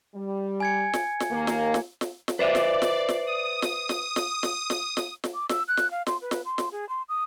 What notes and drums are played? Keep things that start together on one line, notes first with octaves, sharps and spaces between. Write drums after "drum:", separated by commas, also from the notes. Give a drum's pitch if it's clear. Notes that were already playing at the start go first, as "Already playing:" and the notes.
G3
G#5 G#6 C#7
drum: snare
drum: snare
D#2 A#3
drum: snare
drum: snare
drum: snare
drum: snare
B4 C5 D5 E5
drum: snare
drum: snare
drum: snare
D#6
drum: snare
drum: snare
drum: snare
drum: snare
drum: snare
drum: snare
drum: snare
D6
E6, drum: snare
F#6
drum: snare
F5
C6, drum: snare
B4
drum: snare
C6
drum: snare
G#4
C6
D#6